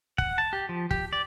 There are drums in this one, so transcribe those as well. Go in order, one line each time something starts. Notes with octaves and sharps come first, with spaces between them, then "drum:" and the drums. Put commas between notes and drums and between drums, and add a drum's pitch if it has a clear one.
F#5, drum: kick
A5
G4
F3
G4, drum: kick
D5